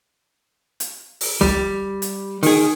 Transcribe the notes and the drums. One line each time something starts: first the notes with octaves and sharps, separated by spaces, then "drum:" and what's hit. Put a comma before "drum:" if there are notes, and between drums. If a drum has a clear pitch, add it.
drum: hi-hat
drum: open hi-hat
G3, drum: kick B1
drum: hi-hat
D#3 G#4, drum: open hi-hat